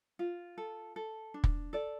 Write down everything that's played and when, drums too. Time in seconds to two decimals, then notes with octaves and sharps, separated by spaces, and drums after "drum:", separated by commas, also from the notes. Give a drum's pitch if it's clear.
0.19 F4
0.58 A4
0.96 A4
1.34 D4
1.44 drum: kick
1.73 A4 D5